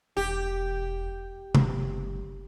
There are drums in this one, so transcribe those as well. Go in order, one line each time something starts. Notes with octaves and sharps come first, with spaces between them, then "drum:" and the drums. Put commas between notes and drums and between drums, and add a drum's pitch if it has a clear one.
E1 G4
F#1, drum: tom C3